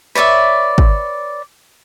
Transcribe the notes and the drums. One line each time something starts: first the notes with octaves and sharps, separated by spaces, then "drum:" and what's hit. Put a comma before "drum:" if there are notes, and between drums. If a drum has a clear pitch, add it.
B4 C#5 D5 E5
drum: kick